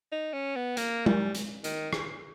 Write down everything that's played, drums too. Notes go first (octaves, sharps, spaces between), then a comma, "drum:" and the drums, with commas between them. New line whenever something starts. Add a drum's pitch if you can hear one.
D#4
C#4
B3
A#3, drum: hi-hat
G3, drum: tom G#3
drum: hi-hat
D#3, drum: hi-hat
drum: rim click